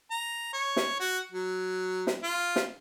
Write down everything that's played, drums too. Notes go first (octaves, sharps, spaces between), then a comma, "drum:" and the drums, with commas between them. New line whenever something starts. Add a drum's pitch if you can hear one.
A#5
C#5
drum: snare
F#4
F#3
drum: snare
F4
drum: snare